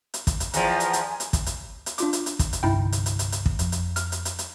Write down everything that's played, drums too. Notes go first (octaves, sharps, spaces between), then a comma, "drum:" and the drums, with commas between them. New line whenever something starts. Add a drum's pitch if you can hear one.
drum: hi-hat
drum: kick, hi-hat
drum: hi-hat
E2 F3 G#5 A#5, drum: hi-hat
drum: hi-hat
drum: hi-hat
drum: hi-hat
drum: kick, hi-hat
drum: hi-hat
drum: hi-hat
D4 F4 D6, drum: hi-hat
drum: hi-hat
drum: hi-hat
drum: kick, hi-hat
drum: hi-hat
C2 G2 D3 D#4 E4 G5
drum: hi-hat
drum: hi-hat
drum: hi-hat
drum: hi-hat
drum: kick
F2, drum: hi-hat
drum: hi-hat
F6, drum: hi-hat
drum: hi-hat
drum: hi-hat
drum: hi-hat